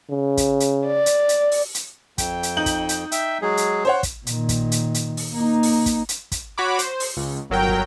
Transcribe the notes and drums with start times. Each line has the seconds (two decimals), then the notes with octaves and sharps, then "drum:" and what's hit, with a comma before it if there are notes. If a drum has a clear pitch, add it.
0.11 C#3
0.37 drum: kick, hi-hat
0.60 drum: hi-hat
0.86 D5
1.06 drum: hi-hat
1.29 drum: hi-hat
1.52 drum: open hi-hat
1.75 drum: hi-hat
2.18 F2 G5, drum: kick, hi-hat
2.43 drum: hi-hat
2.57 D#4 G6 F#7
2.66 drum: kick, hi-hat
2.89 drum: hi-hat
3.12 E5 G5, drum: hi-hat
3.42 F#3 G#3 G#4
3.57 drum: hi-hat
3.85 C5 C#5 F#5
4.03 drum: kick, hi-hat
4.27 A#2 D#3, drum: hi-hat
4.49 drum: kick, hi-hat
4.72 drum: hi-hat
4.94 drum: hi-hat
5.17 drum: open hi-hat
5.34 A#3 D#4
5.63 drum: open hi-hat
5.86 drum: kick, hi-hat
6.09 drum: hi-hat
6.32 drum: kick, hi-hat
6.58 F#4 C#5 B5 D6
6.79 C5, drum: hi-hat
7.00 drum: open hi-hat
7.17 C#2
7.50 G1 F#3 A#4 G5
7.69 drum: kick